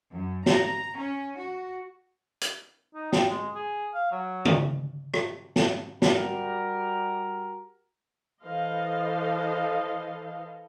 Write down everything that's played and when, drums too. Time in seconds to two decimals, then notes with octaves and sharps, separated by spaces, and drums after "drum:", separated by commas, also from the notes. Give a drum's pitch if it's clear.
0.12 F#2
0.46 A#5, drum: snare
0.98 C#4
1.38 F#4
2.41 drum: hi-hat
2.95 D#4
3.12 G5, drum: snare
3.30 G#3
3.55 G#4
3.94 F5
4.11 F#3
4.45 drum: tom
5.14 drum: rim click
5.56 drum: snare
6.02 G3 F#4 G4 A#4, drum: snare
8.44 E3 A4 C5 D#5 F5